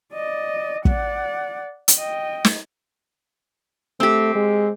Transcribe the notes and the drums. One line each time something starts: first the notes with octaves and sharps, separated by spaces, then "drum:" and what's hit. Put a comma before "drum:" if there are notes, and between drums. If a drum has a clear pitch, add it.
D5 D#5
D5 F#5, drum: kick
drum: hi-hat
D#5 G5
drum: snare
A3 C4 G4
G#3